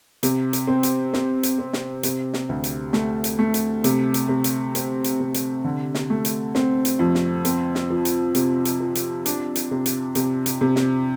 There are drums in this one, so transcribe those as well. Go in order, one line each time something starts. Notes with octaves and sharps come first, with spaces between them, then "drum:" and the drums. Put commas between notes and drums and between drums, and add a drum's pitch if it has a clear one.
C3, drum: hi-hat
drum: hi-hat
C4
drum: hi-hat
C4, drum: snare
drum: hi-hat
C4
drum: snare
C3, drum: hi-hat
drum: snare
D2
drum: hi-hat
A3, drum: snare
drum: hi-hat
A3
drum: hi-hat
C3, drum: hi-hat
drum: hi-hat
C3
drum: hi-hat
C4, drum: hi-hat
drum: hi-hat
C3
drum: hi-hat
D3
drum: snare
A3
drum: hi-hat
C4, drum: snare
drum: hi-hat
F2
drum: snare
C4, drum: hi-hat
drum: snare
F3
drum: hi-hat
C3, drum: hi-hat
drum: hi-hat
F3
drum: hi-hat
D4, drum: hi-hat
drum: hi-hat
C3
drum: hi-hat
C3, drum: hi-hat
drum: hi-hat
C3
drum: snare